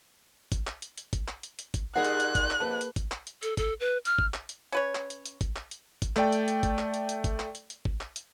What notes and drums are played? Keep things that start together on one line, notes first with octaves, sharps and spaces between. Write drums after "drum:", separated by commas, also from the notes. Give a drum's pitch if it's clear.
drum: kick, hi-hat
drum: clap
drum: hi-hat
drum: hi-hat
drum: kick, hi-hat
drum: clap
drum: hi-hat
drum: hi-hat
drum: kick, hi-hat
A#2 G3 D#4 G#4 A#4 F#5 F#6
drum: hi-hat
drum: hi-hat
drum: kick, hi-hat
drum: clap
F2 A#3 B4 A5
drum: hi-hat
drum: kick, hi-hat
drum: clap
drum: hi-hat
A4, drum: hi-hat
A4, drum: kick, hi-hat
B4
F6, drum: hi-hat
drum: kick
drum: clap
drum: hi-hat
C#4 B4 C#5
drum: clap
drum: hi-hat
drum: hi-hat
drum: kick, hi-hat
drum: clap
drum: hi-hat
drum: kick, hi-hat
A3 D5 G5, drum: clap
drum: hi-hat
drum: hi-hat
drum: kick, hi-hat
drum: clap
drum: hi-hat
drum: hi-hat
drum: kick, hi-hat
drum: clap
drum: hi-hat
drum: hi-hat
drum: kick
drum: clap
drum: hi-hat